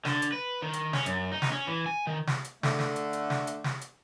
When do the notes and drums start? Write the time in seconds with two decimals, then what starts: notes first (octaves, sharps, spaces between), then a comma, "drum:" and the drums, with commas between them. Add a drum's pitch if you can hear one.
0.05 D3, drum: snare
0.22 drum: hi-hat
0.32 B4
0.62 D#3
0.73 drum: hi-hat
0.93 C#4, drum: snare
1.06 F#2, drum: hi-hat
1.32 D#4
1.42 drum: snare
1.51 C#4
1.67 E3
1.86 G#5
2.07 D#3
2.27 drum: snare
2.44 drum: hi-hat
2.63 D3 A3, drum: snare
2.79 drum: snare
2.96 drum: hi-hat
3.13 drum: hi-hat
3.30 drum: snare
3.47 drum: hi-hat
3.64 drum: snare
3.81 drum: hi-hat